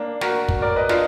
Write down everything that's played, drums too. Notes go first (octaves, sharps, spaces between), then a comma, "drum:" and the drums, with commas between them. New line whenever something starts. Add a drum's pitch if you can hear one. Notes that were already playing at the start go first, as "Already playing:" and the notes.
Already playing: A#3 D4
F#4 A#4, drum: snare
drum: kick
A#4 D5
B4 D#5
D4 F4, drum: snare